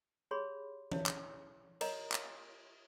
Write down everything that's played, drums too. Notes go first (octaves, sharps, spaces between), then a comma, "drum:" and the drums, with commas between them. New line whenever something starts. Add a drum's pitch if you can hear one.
G4 G#4 C#5 B5 C6
E4 C#5, drum: tom E3
drum: clap
A#4 C#5 D#5 A#5, drum: cymbal
drum: clap